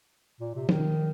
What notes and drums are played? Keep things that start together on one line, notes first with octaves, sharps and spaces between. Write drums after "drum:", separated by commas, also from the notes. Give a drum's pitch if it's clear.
A#2
C3
D#3, drum: tom